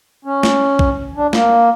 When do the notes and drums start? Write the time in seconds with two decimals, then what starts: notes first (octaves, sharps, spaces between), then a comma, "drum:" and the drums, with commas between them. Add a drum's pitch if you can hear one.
0.25 C#4
0.43 drum: snare
0.79 drum: kick
1.16 D4
1.33 A#3, drum: snare